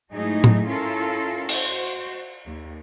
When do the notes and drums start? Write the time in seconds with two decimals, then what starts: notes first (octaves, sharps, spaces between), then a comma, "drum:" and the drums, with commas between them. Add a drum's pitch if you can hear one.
0.12 G#2 F#3 A3 D#4 E4 G#4
0.44 drum: tom A2
0.68 C#4 E4 F4 A4 A#4
1.49 F#4 C5, drum: cymbal
2.45 D#2